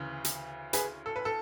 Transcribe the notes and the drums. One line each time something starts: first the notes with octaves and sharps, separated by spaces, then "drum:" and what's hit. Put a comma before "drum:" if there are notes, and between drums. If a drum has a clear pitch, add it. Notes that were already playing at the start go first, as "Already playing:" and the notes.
Already playing: D2 C#3 E3
drum: hi-hat
G#4 B4, drum: hi-hat
A4
B4
A4